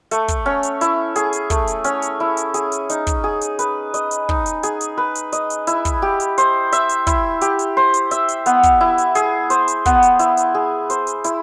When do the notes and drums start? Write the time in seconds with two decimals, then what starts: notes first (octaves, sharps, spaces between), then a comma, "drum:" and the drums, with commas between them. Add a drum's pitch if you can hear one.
0.11 A3, drum: hi-hat
0.28 drum: kick, hi-hat
0.46 C#4
0.63 drum: hi-hat
0.81 E4, drum: hi-hat
1.16 G#4, drum: hi-hat
1.33 drum: hi-hat
1.50 A3, drum: kick, hi-hat
1.68 drum: hi-hat
1.84 C#4, drum: hi-hat
2.02 drum: hi-hat
2.20 E4
2.37 drum: hi-hat
2.54 G#4, drum: hi-hat
2.72 drum: hi-hat
2.90 D#4, drum: hi-hat
3.07 drum: kick, hi-hat
3.24 G#4
3.42 drum: hi-hat
3.59 B4, drum: hi-hat
3.94 D#5, drum: hi-hat
4.11 drum: hi-hat
4.29 D#4, drum: kick
4.46 drum: hi-hat
4.63 G#4, drum: hi-hat
4.81 drum: hi-hat
4.98 B4
5.16 drum: hi-hat
5.33 D#5, drum: hi-hat
5.50 drum: hi-hat
5.67 E4, drum: hi-hat
5.85 drum: kick, hi-hat
6.02 G4
6.20 drum: hi-hat
6.38 C5, drum: hi-hat
6.73 E5, drum: hi-hat
6.89 drum: hi-hat
7.07 E4, drum: kick, hi-hat
7.42 G4, drum: hi-hat
7.59 drum: hi-hat
7.77 C5
7.94 drum: hi-hat
8.11 E5, drum: hi-hat
8.29 drum: hi-hat
8.46 B3, drum: hi-hat
8.63 drum: kick, hi-hat
8.81 E4
8.98 drum: hi-hat
9.15 G#4, drum: hi-hat
9.50 C5, drum: hi-hat
9.68 drum: hi-hat
9.86 B3, drum: kick, hi-hat
10.03 drum: hi-hat
10.19 E4, drum: hi-hat
10.37 drum: hi-hat
10.55 G#4
10.90 C5, drum: hi-hat
11.07 drum: hi-hat
11.24 E4, drum: hi-hat